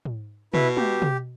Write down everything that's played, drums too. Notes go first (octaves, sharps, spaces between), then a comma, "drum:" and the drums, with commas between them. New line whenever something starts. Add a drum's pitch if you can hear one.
drum: tom
B2 E4 B4, drum: tom
G4, drum: tom
drum: tom